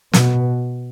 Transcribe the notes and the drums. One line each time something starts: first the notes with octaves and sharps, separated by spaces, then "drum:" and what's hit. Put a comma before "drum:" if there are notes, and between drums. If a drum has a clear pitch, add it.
B2, drum: snare